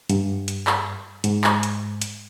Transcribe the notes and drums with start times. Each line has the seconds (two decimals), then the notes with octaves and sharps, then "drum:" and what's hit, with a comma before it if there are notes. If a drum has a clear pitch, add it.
0.10 G2, drum: hi-hat
0.48 drum: hi-hat
0.67 drum: clap
1.24 G#2, drum: hi-hat
1.44 drum: clap
1.63 drum: hi-hat
2.01 drum: hi-hat